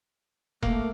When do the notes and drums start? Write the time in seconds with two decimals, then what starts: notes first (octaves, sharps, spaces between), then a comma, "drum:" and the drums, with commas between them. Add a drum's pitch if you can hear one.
0.63 A3 A#3, drum: kick E1